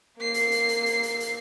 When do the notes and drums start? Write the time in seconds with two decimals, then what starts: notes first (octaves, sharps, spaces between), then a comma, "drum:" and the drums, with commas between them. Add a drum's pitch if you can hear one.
0.17 A#3 C7
0.34 drum: hi-hat
0.51 drum: hi-hat
0.69 drum: hi-hat
0.86 drum: hi-hat
1.03 drum: hi-hat
1.20 drum: hi-hat